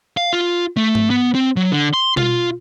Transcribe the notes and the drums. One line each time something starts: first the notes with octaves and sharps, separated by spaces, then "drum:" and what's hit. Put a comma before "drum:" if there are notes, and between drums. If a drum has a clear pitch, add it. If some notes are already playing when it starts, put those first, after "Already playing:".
F5
F4
A3
drum: tom G#2
B3
C4
F#3
D3
C6
F4, drum: tom B2